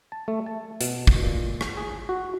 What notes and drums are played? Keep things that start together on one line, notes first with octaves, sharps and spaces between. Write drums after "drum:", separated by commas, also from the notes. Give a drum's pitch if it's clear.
A5
A3
A5
B2, drum: hi-hat
drum: kick
A#2
drum: rim click
G#4
F#4